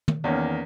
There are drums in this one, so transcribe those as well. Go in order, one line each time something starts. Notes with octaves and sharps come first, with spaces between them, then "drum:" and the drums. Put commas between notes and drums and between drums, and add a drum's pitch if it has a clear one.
drum: tom
E2 D#3 A#3 C#4